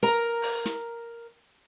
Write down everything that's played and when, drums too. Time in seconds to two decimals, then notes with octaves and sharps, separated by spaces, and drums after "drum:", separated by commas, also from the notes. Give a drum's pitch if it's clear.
0.03 A#4 A#5
0.42 drum: open hi-hat
0.66 drum: snare